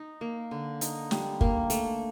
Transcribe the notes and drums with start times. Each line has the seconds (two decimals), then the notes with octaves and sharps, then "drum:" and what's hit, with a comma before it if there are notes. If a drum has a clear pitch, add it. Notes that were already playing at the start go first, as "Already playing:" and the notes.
Already playing: D#4
0.21 A#3
0.51 D3
0.81 D#4, drum: hi-hat
1.11 G3, drum: snare
1.41 A#3, drum: kick
1.70 A3, drum: hi-hat